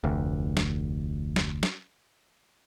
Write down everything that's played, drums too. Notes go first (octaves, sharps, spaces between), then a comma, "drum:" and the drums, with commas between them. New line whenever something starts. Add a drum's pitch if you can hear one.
F1 D2
drum: snare
drum: snare
drum: snare